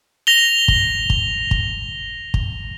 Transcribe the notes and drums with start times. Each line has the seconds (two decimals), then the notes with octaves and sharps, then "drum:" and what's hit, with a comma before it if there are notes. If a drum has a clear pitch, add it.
0.27 A#6 F7 G7
0.68 drum: kick
1.10 drum: kick
1.51 drum: kick
2.34 drum: kick